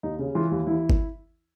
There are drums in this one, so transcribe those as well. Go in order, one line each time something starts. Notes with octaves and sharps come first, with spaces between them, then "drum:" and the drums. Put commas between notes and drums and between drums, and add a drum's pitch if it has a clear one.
D#2 D#4
C#3
E3 F4
D#2
E3 E4
drum: kick G1